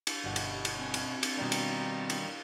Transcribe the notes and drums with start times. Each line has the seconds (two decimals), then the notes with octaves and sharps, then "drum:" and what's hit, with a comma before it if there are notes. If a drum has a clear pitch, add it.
0.07 drum: cymbal
0.24 G1 B2 G3 F#5
0.36 drum: cymbal
0.65 drum: cymbal
0.79 C4 G#5
0.94 drum: cymbal
1.23 drum: cymbal
1.37 B2 D#3 G3 D4 A#5
1.52 drum: cymbal
2.10 drum: cymbal